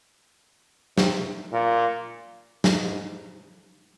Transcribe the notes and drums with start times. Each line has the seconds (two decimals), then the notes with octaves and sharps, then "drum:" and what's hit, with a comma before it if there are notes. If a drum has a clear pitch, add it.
0.98 C3, drum: snare
1.52 A#2
2.64 G#2, drum: snare